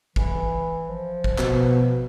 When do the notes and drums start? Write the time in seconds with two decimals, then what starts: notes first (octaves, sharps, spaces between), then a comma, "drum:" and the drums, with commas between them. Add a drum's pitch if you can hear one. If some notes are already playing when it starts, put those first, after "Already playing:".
0.16 E3, drum: kick G#1
0.88 F3
1.24 drum: kick G#1
1.38 B2, drum: clap